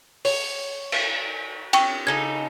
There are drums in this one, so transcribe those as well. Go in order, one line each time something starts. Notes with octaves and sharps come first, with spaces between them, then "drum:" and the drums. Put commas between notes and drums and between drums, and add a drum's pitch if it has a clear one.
C#5, drum: open hi-hat
drum: cymbal
G5 C#6, drum: cymbal
C#3 D#4 A4 G#6